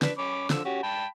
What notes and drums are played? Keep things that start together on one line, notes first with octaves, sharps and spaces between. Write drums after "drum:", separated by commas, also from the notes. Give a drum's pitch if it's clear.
D4 B4, drum: snare
C#4 B5 D6
D3 F3 E6, drum: snare
C#4 F#4 G4
G5 A5 B5